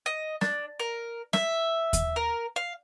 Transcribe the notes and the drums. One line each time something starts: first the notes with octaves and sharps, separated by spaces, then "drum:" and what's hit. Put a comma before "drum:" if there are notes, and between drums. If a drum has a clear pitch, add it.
D#5
D4, drum: snare
A#4
E5, drum: snare
drum: kick D#2, hi-hat
A#4
F5